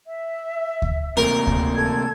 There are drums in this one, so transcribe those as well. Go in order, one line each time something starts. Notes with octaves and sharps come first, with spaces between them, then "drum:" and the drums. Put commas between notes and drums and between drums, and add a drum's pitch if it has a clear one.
E5
drum: kick D2
C3 A3 A#3 A#4
drum: kick D2
A4 G#6